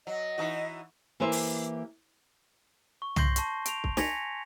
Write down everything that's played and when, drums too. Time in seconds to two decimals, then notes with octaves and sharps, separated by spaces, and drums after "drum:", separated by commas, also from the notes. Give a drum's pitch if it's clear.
0.07 F#3 D#5
0.38 E3 D#4 F#4
1.20 E3 A#3 G4 B4 C5 E5
1.32 drum: open hi-hat
3.02 C#6
3.16 C6 G6 A#6 C7 G7, drum: tom
3.36 A5 C6 C#6, drum: hi-hat
3.66 D7 F7, drum: hi-hat
3.84 drum: kick C2
3.97 G#5 G#6 A#6 B6 C#7 F7, drum: snare